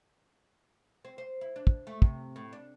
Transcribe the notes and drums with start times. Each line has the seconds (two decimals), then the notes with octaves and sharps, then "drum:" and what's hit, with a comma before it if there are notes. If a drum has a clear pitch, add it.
1.05 C4
1.18 C5
1.41 E4
1.56 D4
1.67 drum: kick
1.87 A3
2.02 C3, drum: kick
2.36 A2
2.53 D4